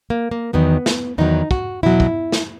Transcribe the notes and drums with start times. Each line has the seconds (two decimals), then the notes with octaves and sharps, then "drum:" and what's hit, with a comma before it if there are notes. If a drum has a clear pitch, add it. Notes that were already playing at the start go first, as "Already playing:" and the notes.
0.10 A#3
0.31 A#3
0.53 E2 D#3 F#3 B3
0.86 drum: snare
1.18 E2 D#3 F#3 D#4
1.51 F#4, drum: kick
1.83 E2 B2 F#3 E4
2.00 drum: kick
2.32 drum: snare